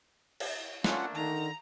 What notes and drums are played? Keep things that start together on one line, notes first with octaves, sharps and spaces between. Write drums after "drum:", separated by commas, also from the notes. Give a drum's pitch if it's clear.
drum: cymbal
A3 A#3 C#4 D4 F4 F#5, drum: snare
D3 D#3 A#5